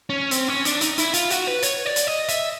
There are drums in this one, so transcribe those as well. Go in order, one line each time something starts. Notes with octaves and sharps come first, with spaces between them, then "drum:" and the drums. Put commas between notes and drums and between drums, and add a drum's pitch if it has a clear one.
C#4
C4, drum: hi-hat
C#4
D4, drum: hi-hat
D#4, drum: hi-hat
E4, drum: hi-hat
F4, drum: hi-hat
F#4, drum: hi-hat
B4
C#5, drum: hi-hat
D5
drum: hi-hat
D#5
E5, drum: hi-hat